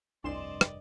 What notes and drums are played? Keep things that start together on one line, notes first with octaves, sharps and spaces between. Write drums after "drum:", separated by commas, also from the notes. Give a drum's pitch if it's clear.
F1 C2 G2 D4 D5 D#5 C6 E7
drum: rim click